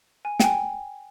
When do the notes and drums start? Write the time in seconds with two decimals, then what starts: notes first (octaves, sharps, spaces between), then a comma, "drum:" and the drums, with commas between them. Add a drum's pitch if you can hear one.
0.25 G#5
0.40 G5, drum: snare
0.44 G#5